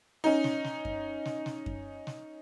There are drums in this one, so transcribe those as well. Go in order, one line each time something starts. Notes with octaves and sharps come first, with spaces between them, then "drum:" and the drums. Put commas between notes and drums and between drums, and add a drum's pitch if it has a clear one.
C#4 D#4
drum: snare
drum: snare
drum: kick F#2
drum: snare
drum: snare
drum: kick F#2
drum: snare